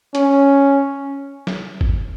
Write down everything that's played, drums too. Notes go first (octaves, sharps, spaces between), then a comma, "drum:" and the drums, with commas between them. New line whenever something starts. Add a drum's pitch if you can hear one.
C#4, drum: hi-hat
drum: snare
drum: kick G1